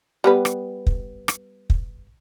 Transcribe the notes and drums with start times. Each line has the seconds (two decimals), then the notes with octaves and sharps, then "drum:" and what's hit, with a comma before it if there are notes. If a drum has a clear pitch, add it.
0.24 G3 B3 B4
0.45 drum: rim click
0.87 drum: kick
1.28 drum: rim click
1.70 drum: kick